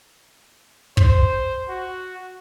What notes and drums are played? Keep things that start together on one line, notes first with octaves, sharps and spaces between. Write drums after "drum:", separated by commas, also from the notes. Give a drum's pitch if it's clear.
C5, drum: kick
F#4